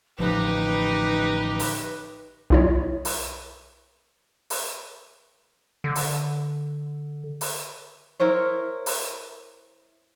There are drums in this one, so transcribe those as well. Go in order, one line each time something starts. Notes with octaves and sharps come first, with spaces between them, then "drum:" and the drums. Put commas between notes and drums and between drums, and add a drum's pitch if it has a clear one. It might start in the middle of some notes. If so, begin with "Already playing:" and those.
A1 D3 F3 D#4 G4 B4
drum: open hi-hat
B1 E4 C#5
drum: open hi-hat
drum: open hi-hat
D3
drum: open hi-hat
drum: open hi-hat
E4 A#4 C5 C#5
drum: open hi-hat